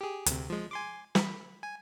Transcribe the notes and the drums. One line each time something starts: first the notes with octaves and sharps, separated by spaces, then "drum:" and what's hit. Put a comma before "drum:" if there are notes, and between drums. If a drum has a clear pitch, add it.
G4 G#4
D2 C3, drum: hi-hat
F3 G#3
G#5 C6 D6
B5, drum: snare
G#5